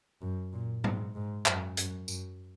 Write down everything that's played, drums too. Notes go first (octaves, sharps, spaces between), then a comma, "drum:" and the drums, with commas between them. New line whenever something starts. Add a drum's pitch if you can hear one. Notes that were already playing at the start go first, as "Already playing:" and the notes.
F#2
A#2
G#2, drum: tom G#2
G#2
F#2, drum: clap
F#2, drum: hi-hat
F#2, drum: tambourine